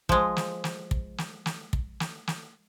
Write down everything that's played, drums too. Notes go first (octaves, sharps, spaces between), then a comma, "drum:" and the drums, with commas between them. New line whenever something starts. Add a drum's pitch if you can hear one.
F3 G#3, drum: kick
drum: snare
drum: snare
drum: kick
drum: snare
drum: snare
drum: kick
drum: snare
drum: snare